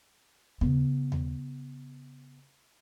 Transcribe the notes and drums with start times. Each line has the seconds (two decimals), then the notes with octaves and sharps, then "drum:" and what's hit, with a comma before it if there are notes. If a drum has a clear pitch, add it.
0.61 C#3 B3, drum: tom D#2
1.12 drum: tom D#2